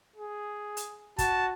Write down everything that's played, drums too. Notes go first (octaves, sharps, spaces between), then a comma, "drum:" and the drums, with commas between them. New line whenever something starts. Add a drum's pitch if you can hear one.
G#4
drum: hi-hat
F#4 A5, drum: kick, hi-hat